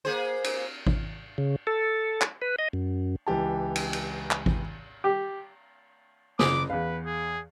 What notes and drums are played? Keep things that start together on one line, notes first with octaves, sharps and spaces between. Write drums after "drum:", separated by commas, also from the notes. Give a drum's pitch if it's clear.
A#3 G#4 C5
drum: cymbal
drum: kick G#1
C#3
A4
drum: clap
B4
D#5
F#2
C#2 E3 G4 A5
drum: cymbal
drum: cymbal
drum: clap
drum: kick G#1
G4
F#1 D6 D#6, drum: snare
E2 B4 F5
G#4